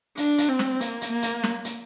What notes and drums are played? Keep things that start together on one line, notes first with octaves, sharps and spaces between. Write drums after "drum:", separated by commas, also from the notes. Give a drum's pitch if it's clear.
D4, drum: hi-hat
drum: hi-hat
C4
drum: snare
A#3, drum: hi-hat
drum: hi-hat
A#3
drum: hi-hat
drum: snare
drum: hi-hat